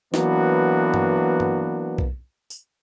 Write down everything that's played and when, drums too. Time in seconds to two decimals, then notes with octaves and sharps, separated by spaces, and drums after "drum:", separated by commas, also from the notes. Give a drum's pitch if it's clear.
0.14 E3 F#3 A#3 B3 D4 F#4, drum: snare
0.94 drum: tom G2
1.40 drum: tom G2
1.98 drum: kick B1
2.50 drum: tambourine